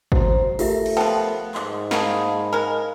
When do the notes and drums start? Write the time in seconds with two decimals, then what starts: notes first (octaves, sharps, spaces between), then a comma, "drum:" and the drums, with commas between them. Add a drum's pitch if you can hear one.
0.12 F#4 C5 A#5, drum: kick G#1
0.59 A3 F4 G4 A#4 E5, drum: open hi-hat
0.86 drum: cymbal
0.97 F3 B3 C5 G5 A5
1.55 G#2 C6 D6, drum: clap
1.91 A#3 F#4 G#4 F5 A5 B5, drum: snare
2.53 G#3 A#4 G#5